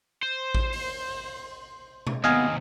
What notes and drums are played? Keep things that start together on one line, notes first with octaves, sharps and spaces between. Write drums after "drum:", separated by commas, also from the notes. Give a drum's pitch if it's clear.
C5
drum: kick A1
drum: open hi-hat
drum: tom B2
D#2 C3 B3 D#5 F5 G#5